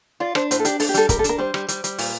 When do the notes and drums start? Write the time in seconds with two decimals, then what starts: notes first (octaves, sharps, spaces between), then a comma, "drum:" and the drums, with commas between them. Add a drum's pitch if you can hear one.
0.20 F4 D5
0.35 D4 C5, drum: rim click
0.51 A2 C5, drum: hi-hat
0.59 A4
0.65 D4 G4, drum: hi-hat
0.80 D4 A4, drum: open hi-hat
0.89 G4
0.94 G3 A4, drum: hi-hat
1.09 G3 A#4, drum: kick, hi-hat
1.19 A4
1.24 D4, drum: hi-hat
1.29 A#4
1.38 G3 C5
1.54 G3, drum: rim click
1.68 G3, drum: hi-hat
1.84 G3, drum: hi-hat
1.98 A#2, drum: open hi-hat